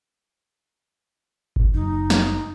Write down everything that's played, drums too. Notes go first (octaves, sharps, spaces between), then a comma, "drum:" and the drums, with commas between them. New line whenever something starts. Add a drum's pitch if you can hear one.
drum: kick G1
F#1 D#4
drum: snare